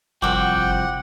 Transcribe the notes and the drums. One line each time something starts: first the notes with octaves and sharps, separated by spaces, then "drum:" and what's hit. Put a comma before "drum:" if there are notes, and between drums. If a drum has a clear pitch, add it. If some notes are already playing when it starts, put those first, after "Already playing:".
C2 F3 F#4 F#5 G5 D6 E6, drum: kick G1
drum: kick G1